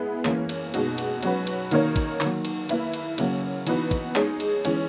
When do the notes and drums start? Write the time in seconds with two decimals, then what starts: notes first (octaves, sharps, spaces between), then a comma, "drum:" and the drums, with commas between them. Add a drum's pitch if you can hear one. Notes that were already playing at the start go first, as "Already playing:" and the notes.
Already playing: G#3 B3 E4 G#4
0.25 E3 A#3 C#4, drum: clap
0.49 drum: cymbal
0.74 B2 G#3 D#4 F#4, drum: cymbal
0.98 drum: cymbal
1.23 F#3 C#4 F#4 B4, drum: cymbal
1.47 drum: cymbal
1.71 D#3 A#3 D#4 A#4 C#5, drum: cymbal
1.96 drum: kick, cymbal
2.20 D#3 F#3 A#3, drum: clap
2.45 drum: cymbal
2.69 A#3 E4 B4, drum: cymbal
2.93 drum: cymbal
3.18 C#3 F#3 A#3 C#4, drum: cymbal
3.67 E3 B3 D#4 F#4 B4, drum: cymbal
3.91 drum: kick, cymbal
4.15 G#3 D#4 G#4 C#5, drum: clap
4.40 drum: cymbal
4.65 E3 G#3 C#4, drum: cymbal